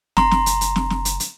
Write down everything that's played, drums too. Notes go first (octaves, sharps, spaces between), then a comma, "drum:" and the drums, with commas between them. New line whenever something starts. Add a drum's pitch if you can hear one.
F#1 A#5 C6, drum: snare
drum: snare
drum: hi-hat
drum: hi-hat
drum: snare
drum: snare
drum: hi-hat
drum: hi-hat